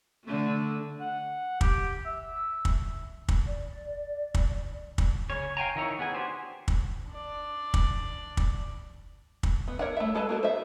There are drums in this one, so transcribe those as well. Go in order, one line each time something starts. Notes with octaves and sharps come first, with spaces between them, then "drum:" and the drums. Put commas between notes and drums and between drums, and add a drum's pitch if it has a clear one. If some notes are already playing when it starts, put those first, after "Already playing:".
D3 A3
F#5
G4, drum: kick
E5
drum: kick
drum: kick
D5
drum: kick
drum: kick
C#3 C#4 C#5
F5 G5 G#5 A#5
D#3 D#4 E4 C#5
B3 G#4 G#5
D4 F#4 G4 C5
drum: kick
D4 D5
drum: kick
drum: kick
drum: kick
B3
A#4 C#5 D5 E5 F#5
A3 E5
G#3 A4 B4 A5
A#3 F#4 A4
C5 E5